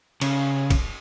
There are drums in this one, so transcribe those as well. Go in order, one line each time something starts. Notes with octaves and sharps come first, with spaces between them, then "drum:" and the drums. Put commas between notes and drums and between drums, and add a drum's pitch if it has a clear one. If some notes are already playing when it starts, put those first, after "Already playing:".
C#3, drum: cymbal
drum: kick, cymbal